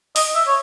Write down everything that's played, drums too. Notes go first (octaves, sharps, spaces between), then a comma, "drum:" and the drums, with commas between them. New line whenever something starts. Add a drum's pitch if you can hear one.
D#5, drum: open hi-hat
E5
C#5